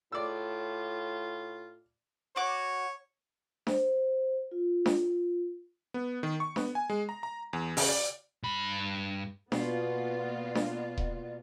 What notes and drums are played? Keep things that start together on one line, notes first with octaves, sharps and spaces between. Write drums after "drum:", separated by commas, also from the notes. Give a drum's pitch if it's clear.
A2 F4 D5 E6
F#4 C#5 D6
C5, drum: snare D4
F4
drum: snare D4
B3
D#3
C#6
B3, drum: snare D4
G#5
G#3
A#5
A#5
E2
C#3, drum: open hi-hat
D5
G2 B5
B2 A#3 B3 F4 D5, drum: snare D4
drum: snare D4
drum: kick D#1